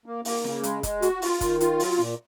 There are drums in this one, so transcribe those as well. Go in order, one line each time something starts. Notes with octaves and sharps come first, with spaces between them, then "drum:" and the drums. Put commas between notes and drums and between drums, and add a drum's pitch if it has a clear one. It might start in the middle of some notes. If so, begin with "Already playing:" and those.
A#3
A#3, drum: open hi-hat
C#3, drum: snare
G#3, drum: hi-hat
G#3, drum: kick, hi-hat
F#4, drum: hi-hat
F4, drum: open hi-hat
D#3, drum: kick, hi-hat
F4, drum: hi-hat
F#3, drum: open hi-hat
A#2, drum: snare